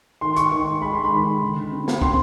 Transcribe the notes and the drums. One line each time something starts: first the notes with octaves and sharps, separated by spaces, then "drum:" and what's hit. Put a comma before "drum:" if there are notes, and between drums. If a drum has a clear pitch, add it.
D#3 C6
C#6, drum: hi-hat
D#3 C#6
G#3 B5
C6
B5
D#3
D3
C4
drum: snare
C4 C6, drum: kick